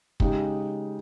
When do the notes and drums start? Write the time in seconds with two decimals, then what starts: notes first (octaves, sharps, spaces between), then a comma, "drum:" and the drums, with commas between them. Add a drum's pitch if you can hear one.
0.20 C#3 G#3 D#4 G4, drum: kick